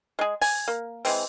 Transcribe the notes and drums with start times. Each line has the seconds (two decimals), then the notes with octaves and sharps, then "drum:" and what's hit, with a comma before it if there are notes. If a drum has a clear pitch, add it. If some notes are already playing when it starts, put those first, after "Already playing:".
0.19 G#3 G#4
0.41 G#5, drum: open hi-hat
0.68 A#3
1.05 E3 G#3 C4, drum: open hi-hat